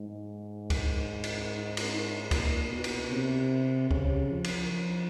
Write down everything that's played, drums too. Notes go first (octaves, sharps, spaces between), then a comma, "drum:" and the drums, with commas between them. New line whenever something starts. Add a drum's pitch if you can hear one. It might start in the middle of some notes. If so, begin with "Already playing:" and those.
Already playing: G#2
drum: kick C#2, cymbal
drum: cymbal
drum: cymbal
A#2, drum: kick C#2, cymbal
B2
drum: cymbal
C3
C#3, drum: kick C#2
F3
drum: cymbal
F3